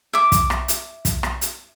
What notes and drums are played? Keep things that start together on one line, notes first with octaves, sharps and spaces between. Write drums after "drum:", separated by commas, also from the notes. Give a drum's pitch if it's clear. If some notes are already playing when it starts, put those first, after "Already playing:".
E5 D6
drum: kick, hi-hat
drum: rim click
drum: hi-hat
drum: kick, hi-hat
drum: rim click
drum: hi-hat